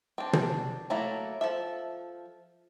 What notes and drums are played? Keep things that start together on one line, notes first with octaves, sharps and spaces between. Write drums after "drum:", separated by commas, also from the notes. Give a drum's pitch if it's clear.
C4 D4
drum: tom
F#3 A3 A#3 E4 A#4
F3 A4 E5